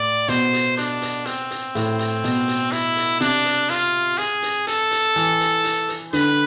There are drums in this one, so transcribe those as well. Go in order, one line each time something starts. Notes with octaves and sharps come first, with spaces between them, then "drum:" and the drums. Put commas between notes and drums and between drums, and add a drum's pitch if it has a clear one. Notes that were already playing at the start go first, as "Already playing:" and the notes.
Already playing: A2 D5
B2 C5, drum: hi-hat
drum: hi-hat
D4, drum: hi-hat
drum: hi-hat
C4, drum: hi-hat
drum: hi-hat
A2, drum: hi-hat
drum: hi-hat
B2, drum: hi-hat
drum: hi-hat
E4, drum: hi-hat
drum: hi-hat
C3 D4, drum: hi-hat
drum: hi-hat
F4, drum: hi-hat
G#4, drum: hi-hat
drum: hi-hat
A4, drum: hi-hat
drum: hi-hat
E3, drum: hi-hat
drum: hi-hat
drum: hi-hat
drum: hi-hat
D3 B4, drum: hi-hat